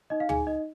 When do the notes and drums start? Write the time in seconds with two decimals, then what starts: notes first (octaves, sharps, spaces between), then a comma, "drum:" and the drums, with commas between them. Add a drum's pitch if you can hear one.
0.10 D#4 D#5
0.20 F5
0.29 D#4 G#4 G#5, drum: tom
0.47 D#4 D#5